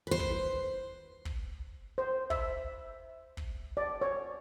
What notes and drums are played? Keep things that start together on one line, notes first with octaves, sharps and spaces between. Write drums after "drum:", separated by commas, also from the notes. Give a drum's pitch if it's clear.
B4 C5
drum: kick
drum: kick
C5
E5, drum: kick
drum: kick
D5
C#5